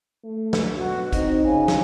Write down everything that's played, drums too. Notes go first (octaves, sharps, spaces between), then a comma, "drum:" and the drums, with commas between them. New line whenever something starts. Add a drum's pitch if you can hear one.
A3
drum: snare
B2 F#4
C4 D#4 D#5, drum: kick, hi-hat
C#3 G#5
drum: snare